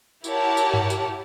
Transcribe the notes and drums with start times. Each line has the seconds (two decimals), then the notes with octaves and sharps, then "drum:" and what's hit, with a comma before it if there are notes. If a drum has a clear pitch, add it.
0.24 E4 G4 A#4 C#5 F#5 A5, drum: tambourine
0.57 drum: tambourine
0.74 drum: tom G2
0.90 drum: tambourine